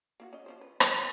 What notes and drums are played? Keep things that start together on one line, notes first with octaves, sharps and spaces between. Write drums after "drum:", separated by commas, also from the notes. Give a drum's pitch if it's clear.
A#3 E4 F#4
C#4 D#5
F3 C#4 C5
B4
B4, drum: rim click
B3 D#5